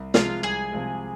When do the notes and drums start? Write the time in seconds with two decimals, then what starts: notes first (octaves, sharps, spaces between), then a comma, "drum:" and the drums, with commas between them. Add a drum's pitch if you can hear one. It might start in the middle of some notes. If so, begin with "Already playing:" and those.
Already playing: C2
0.14 C3 F3 G#3 F4 F5, drum: snare
0.43 C2 G#4 G#5
0.72 C3 F3 G#3